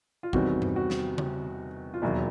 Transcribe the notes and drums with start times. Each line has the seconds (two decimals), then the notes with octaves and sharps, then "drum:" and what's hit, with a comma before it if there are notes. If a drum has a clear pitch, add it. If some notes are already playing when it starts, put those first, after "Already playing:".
0.23 F4
0.33 E2 C3 D#3 G3 C4 F#4, drum: kick
0.62 drum: tom G2
0.76 F#4
0.90 drum: snare
1.18 drum: tom C#3
1.94 F4
2.02 E1 D#2 D#3 F#3 E4